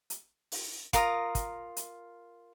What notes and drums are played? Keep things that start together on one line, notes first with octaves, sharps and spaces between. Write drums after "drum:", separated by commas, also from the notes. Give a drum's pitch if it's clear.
drum: hi-hat
drum: open hi-hat
F4 A#4 A#5 D#6, drum: kick, hi-hat
drum: kick, hi-hat
drum: hi-hat